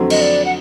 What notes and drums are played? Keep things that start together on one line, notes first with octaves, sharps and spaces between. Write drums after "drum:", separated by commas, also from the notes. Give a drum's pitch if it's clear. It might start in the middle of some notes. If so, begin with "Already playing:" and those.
Already playing: F2 D3 F#3 A3 C4
D#5, drum: cymbal
D5
F#5